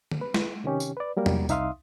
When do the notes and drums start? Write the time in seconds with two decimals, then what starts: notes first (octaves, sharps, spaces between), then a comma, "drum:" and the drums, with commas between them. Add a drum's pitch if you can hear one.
0.12 drum: tom D3
0.21 B4
0.34 drum: snare
0.64 C3 D#3 C#4 G4
0.80 drum: tambourine
0.97 B4 D5
1.17 F#3 G3 A#3 A#4
1.26 drum: tom E2
1.49 C2 D#4 E5 F5 C6 D#6, drum: tambourine